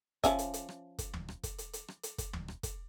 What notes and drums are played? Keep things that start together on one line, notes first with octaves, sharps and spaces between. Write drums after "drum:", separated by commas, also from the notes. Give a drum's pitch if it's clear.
F3 C#4 E5, drum: kick, hi-hat
drum: hi-hat
drum: hi-hat
drum: rim click
drum: kick, hi-hat
drum: tom
drum: rim click
drum: kick, hi-hat
drum: hi-hat
drum: hi-hat
drum: rim click
drum: hi-hat
drum: kick, hi-hat
drum: tom
drum: rim click
drum: kick, hi-hat